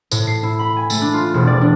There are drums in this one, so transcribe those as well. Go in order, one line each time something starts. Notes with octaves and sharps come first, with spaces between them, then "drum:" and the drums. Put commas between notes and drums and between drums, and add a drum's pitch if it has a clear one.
A2, drum: tambourine
C7
E4
B5
G#5
A3, drum: tambourine
D4
F4
E1
D5
D4